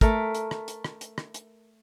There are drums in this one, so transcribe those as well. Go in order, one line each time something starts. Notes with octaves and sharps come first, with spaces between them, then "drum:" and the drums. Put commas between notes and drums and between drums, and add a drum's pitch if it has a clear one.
A3 A#4, drum: kick, hi-hat
drum: hi-hat
drum: rim click
drum: hi-hat
drum: rim click
drum: hi-hat
drum: rim click
drum: hi-hat